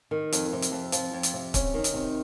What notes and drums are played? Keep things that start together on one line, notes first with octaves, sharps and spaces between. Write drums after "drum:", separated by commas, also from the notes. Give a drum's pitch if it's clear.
D#3
F2, drum: hi-hat
C3
drum: hi-hat
F2
F3, drum: hi-hat
F2
drum: hi-hat
C3
C#4, drum: kick, hi-hat
D#3
drum: hi-hat
C3